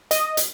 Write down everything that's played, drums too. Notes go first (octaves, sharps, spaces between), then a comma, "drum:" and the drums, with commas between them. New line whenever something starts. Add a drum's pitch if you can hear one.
D#5, drum: hi-hat
drum: hi-hat